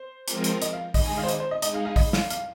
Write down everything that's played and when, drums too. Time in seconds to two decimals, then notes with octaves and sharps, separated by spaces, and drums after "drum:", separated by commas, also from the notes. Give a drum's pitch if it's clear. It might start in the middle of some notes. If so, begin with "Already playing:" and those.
Already playing: C5
0.28 F3 G#3 C4 F4 A#4, drum: hi-hat
0.44 drum: hi-hat
0.62 D#5, drum: hi-hat
0.73 F5
0.94 D#3 G#3 D#4 G#4 D#5, drum: kick A#1, open hi-hat
1.06 G#5
1.18 F5
1.23 C5
1.29 D#5, drum: hi-hat
1.40 C5
1.51 D#5
1.62 G#3 D#4 G#4 D#5, drum: hi-hat
1.74 F5
1.85 F5
1.96 D#5, drum: kick A#1, open hi-hat
2.13 F5, drum: snare
2.30 F5, drum: hi-hat